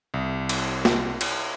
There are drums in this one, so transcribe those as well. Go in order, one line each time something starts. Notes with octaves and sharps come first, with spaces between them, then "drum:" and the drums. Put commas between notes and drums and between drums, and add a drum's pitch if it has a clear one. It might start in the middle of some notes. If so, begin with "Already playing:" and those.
C2
drum: cymbal
drum: snare
drum: cymbal